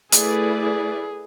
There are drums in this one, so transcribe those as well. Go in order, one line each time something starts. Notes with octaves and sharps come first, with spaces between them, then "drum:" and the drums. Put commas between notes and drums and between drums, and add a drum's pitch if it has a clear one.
A3 E4 G#4 B4 D5, drum: hi-hat
G#4